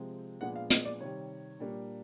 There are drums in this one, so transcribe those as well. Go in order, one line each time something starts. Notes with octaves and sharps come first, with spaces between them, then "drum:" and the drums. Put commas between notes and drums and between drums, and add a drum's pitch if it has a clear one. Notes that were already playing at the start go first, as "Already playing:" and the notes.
Already playing: C3 F3 G#3 C4
A#2 F3 G#3 B3 D4 F#5
F5
D#5, drum: hi-hat
D5
C3 D#3 G3 C#5
A#2 G3 A#3 D4